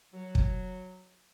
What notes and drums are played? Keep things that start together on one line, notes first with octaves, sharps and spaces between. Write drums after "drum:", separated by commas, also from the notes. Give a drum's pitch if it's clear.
F#3
drum: kick